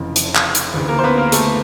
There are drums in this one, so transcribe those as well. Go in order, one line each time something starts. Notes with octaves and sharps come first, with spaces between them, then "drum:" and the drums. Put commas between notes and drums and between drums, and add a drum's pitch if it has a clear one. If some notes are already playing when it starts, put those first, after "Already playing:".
Already playing: F1 F2 C#3 E3
drum: hi-hat
drum: clap
drum: hi-hat
D2 C#3 E3
A#3 A#4
C5
B3 B4
A#3 A#4
A3 A4, drum: hi-hat